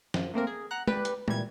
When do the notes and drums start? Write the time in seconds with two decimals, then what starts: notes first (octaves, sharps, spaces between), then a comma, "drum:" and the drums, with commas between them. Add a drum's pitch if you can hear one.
0.14 F#2 F3, drum: snare
0.34 A3 A#3 C4 A#4
0.47 G#4
0.71 F#5 A#5 F#6
0.87 G4 B4 D5, drum: tom
1.05 drum: hi-hat
1.28 A#2 E3 G3 G#6, drum: tom